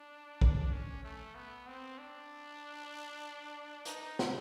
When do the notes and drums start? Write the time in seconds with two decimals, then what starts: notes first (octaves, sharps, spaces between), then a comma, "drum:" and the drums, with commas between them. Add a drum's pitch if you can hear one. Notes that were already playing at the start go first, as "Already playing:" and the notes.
Already playing: D4
0.41 drum: kick
0.72 C#4
1.04 A3
1.35 B3
1.67 C4
1.98 D4
3.85 D#4, drum: hi-hat
4.19 drum: snare